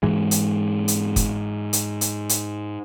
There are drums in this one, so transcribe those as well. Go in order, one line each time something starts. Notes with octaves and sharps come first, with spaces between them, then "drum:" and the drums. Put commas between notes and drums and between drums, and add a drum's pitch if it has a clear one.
G#2 E3 G#3
drum: hi-hat
drum: hi-hat
drum: kick, hi-hat
drum: hi-hat
drum: hi-hat
drum: hi-hat